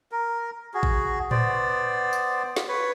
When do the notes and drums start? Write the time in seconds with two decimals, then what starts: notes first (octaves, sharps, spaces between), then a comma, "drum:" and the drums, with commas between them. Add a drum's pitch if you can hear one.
0.12 A#4
0.74 F#4 G#4
0.83 drum: kick
1.31 B3 C5 D5, drum: tom A2
2.13 drum: tambourine
2.57 drum: snare
2.68 B4 C#5